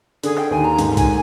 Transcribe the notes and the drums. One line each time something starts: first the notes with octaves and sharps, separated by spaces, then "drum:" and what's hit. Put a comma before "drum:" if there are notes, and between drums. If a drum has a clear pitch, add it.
D3 G#4, drum: hi-hat
G5
D#2 G#5
A#5
G#2, drum: hi-hat
G#5, drum: kick, hi-hat